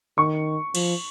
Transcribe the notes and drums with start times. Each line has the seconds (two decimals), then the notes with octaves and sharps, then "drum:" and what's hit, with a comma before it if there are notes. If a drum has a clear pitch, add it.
0.18 D#3 C#6
0.75 F3, drum: cymbal